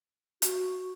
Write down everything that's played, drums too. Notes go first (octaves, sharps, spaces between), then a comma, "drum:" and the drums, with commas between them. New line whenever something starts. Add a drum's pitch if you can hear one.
F#4, drum: hi-hat